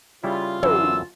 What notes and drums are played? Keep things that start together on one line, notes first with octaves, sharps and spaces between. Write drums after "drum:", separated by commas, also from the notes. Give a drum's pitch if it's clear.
C#3 G3 E4 F4
F#2 D3 E3 E6, drum: tom